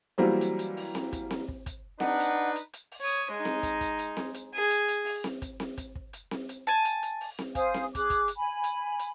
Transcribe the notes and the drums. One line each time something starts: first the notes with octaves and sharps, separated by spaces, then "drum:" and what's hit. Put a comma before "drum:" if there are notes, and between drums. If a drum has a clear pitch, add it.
E3 F#3 G3 A#3 C4
drum: hi-hat
drum: hi-hat
drum: open hi-hat
drum: snare C4
drum: kick, hi-hat
drum: snare C4
drum: kick
drum: kick, hi-hat
D4 D#4 B4 F#5, drum: snare C4
drum: hi-hat
drum: hi-hat
drum: hi-hat
drum: open hi-hat
C#5 D#6
G#3 D#4
drum: snare C4
drum: kick, hi-hat
drum: kick, hi-hat
drum: hi-hat
drum: snare C4
drum: hi-hat
G#4
drum: hi-hat
drum: hi-hat
drum: open hi-hat
drum: snare C4
drum: kick, hi-hat
drum: snare C4
drum: kick, hi-hat
drum: kick
drum: hi-hat
drum: snare C4
drum: hi-hat
G#5 A5
drum: hi-hat
drum: hi-hat
drum: open hi-hat
drum: snare C4
C5 F5 G#5 D#6, drum: kick, hi-hat
drum: snare C4
G#4 D6 F#6, drum: kick, hi-hat
drum: kick, hi-hat
drum: hi-hat
G#5 B5
drum: hi-hat
drum: hi-hat